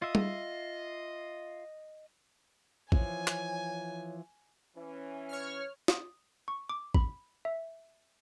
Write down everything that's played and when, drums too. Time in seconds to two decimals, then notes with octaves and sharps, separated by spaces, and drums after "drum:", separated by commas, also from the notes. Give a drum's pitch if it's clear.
0.02 F4 D#5 E5
0.15 drum: tom G3
2.92 E3 F3 C#5 G#5, drum: kick
3.28 drum: clap
4.77 E3 C#4
5.29 C#5 F6
5.88 D#6, drum: snare
6.48 C#6
6.69 D6
6.94 B5, drum: kick
7.45 E5